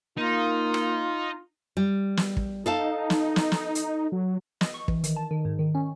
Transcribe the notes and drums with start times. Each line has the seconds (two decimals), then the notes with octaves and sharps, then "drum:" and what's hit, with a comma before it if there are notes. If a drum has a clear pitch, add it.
0.18 A#3 D#4 F4
0.74 drum: rim click
1.77 G3
2.17 drum: snare
2.37 drum: kick
2.66 D#4 A4 F5 A5
3.10 drum: snare
3.36 drum: snare
3.52 drum: snare
3.75 drum: hi-hat
4.12 F#3
4.61 D#5, drum: snare
4.74 C#6
4.88 E3, drum: kick
5.04 D#3, drum: hi-hat
5.16 A5
5.31 D#3
5.45 G#2
5.59 D#3
5.75 C#4